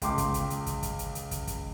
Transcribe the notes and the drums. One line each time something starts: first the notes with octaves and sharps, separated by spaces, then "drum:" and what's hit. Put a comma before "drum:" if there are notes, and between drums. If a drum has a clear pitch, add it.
C#2 G5 C6 D6, drum: kick, hi-hat
drum: kick, hi-hat
drum: hi-hat
drum: hi-hat
drum: kick, hi-hat
drum: kick, hi-hat
drum: hi-hat
drum: hi-hat
drum: kick, hi-hat
drum: kick, hi-hat